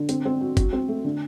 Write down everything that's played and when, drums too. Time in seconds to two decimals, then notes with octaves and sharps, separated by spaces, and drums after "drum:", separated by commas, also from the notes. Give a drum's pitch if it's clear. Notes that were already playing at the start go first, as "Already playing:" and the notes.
Already playing: D3
0.09 C4, drum: hi-hat
0.26 C4
0.41 F#4
0.57 F#4, drum: kick, hi-hat
0.73 C4
0.89 A3
1.05 D3